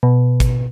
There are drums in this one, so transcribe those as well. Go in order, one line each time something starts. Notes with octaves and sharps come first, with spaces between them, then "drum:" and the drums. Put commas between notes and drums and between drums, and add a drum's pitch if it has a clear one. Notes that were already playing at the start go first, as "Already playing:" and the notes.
B2
drum: kick, hi-hat